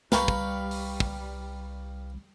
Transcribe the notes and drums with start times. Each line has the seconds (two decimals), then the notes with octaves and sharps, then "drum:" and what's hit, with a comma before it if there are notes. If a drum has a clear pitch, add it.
0.12 C2 G3 B4 F5 G5 A#5 B5 C#6, drum: snare
0.28 drum: kick
0.71 drum: open hi-hat
1.00 drum: kick